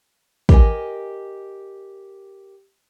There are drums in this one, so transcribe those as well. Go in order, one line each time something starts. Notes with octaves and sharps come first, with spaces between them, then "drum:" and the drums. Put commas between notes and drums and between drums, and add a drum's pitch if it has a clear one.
G4 A#4 C#5 D#5 G#5, drum: kick